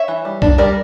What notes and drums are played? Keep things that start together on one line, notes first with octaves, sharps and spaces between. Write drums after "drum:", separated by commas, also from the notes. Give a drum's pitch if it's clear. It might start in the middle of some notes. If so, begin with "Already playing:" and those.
Already playing: C#5 E5
E3
G3
D4, drum: kick B1
G3 A#4 D5